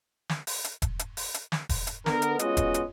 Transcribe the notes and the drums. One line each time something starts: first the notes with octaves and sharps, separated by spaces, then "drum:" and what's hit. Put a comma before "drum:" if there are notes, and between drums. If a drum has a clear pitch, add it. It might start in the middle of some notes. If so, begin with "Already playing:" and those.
drum: snare
drum: open hi-hat
drum: hi-hat
drum: kick E1, hi-hat
drum: hi-hat
drum: open hi-hat
drum: hi-hat
drum: snare
drum: kick E1, open hi-hat
drum: hi-hat
D3 B3 A#4, drum: snare
drum: hi-hat
G#3 B3 C#4 F4 F#4 D#5, drum: hi-hat
drum: kick E1, hi-hat
drum: hi-hat